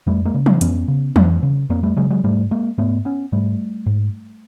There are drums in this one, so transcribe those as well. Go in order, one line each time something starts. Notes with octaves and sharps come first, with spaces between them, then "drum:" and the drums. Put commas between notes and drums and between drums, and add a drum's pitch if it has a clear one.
F2 G3 A3
G#3 A#3
C#3
drum: tom E3
F2 B3 C#4, drum: hi-hat
C#3
F2, drum: tom E3
C#3
F2 A#3 C4
G3 A3
C#3 F#3 G#3
F#3 G#3
G#2 G3 A3
G#3 A#3
G#2 A3 B3
B3 C#4
G#2 G3 A3
G#2